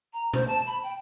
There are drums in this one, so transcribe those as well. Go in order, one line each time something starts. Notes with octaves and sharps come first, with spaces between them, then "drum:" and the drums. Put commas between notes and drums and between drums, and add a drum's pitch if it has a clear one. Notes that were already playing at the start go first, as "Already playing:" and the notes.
A#5
C5, drum: tom B2
A5
B5
G5